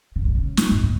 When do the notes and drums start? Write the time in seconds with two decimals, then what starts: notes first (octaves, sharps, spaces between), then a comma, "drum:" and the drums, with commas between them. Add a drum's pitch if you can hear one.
0.16 C#3
0.25 B2
0.35 C#3
0.57 drum: snare
0.71 G#2
0.84 C#3